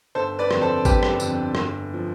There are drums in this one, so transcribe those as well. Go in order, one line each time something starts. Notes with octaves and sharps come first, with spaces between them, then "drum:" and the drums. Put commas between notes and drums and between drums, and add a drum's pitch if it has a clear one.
G1 A4 C5
B4 D5
F2 D3, drum: rim click
A4 C5
G1 G4 B4, drum: kick A1, tambourine
drum: rim click
F2 D3, drum: tambourine
G1, drum: rim click
F3